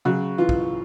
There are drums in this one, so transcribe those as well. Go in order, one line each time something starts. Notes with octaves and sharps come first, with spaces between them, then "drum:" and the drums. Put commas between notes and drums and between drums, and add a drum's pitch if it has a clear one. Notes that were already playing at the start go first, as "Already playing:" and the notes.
C#3 F#3 F#4
E3 F4
drum: kick